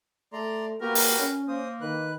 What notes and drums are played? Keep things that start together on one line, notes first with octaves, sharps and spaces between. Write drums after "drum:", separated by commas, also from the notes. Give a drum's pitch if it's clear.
A3 D5 A#5 C6
A#3 F#4 G4 A#4 B4
drum: open hi-hat
C#4
A#3 C5 D#6
D#3 B4 F#6